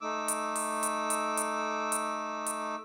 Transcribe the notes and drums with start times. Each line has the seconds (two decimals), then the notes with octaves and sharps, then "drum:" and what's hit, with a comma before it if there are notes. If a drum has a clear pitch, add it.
0.01 A3 D#4 D6 E6
0.28 drum: hi-hat
0.55 drum: open hi-hat
0.83 drum: hi-hat
1.10 drum: hi-hat
1.37 drum: hi-hat
1.92 drum: hi-hat
2.46 drum: hi-hat